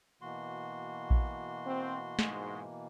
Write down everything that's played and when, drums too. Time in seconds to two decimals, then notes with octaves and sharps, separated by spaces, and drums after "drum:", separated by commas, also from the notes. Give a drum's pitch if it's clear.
0.21 B2 E3 A#3 F#4 C6
1.10 drum: kick A#1
1.66 C4
2.19 G#2 G#3, drum: snare